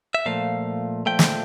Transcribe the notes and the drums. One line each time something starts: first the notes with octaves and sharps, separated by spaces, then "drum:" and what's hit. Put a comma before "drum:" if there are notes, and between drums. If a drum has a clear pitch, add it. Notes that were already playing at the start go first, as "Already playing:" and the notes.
E5
A#2 F3 A3 F5
A#2 F3 A3 G5
drum: snare